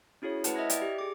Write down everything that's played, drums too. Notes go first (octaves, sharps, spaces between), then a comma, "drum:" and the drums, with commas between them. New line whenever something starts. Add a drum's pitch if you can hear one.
C#4 E4 F#4 G#4 C#5
A3 E4 B4 C5 F#5 A5, drum: hi-hat
D#5 E5 D#6 F6 G#6 A#6
D5 G5, drum: hi-hat
G4
G#4 D6